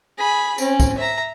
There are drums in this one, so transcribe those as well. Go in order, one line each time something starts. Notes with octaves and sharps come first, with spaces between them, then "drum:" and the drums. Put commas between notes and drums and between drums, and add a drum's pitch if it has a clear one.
G#4 B5
C4 C#4, drum: tambourine
drum: kick, tambourine
E5 A#5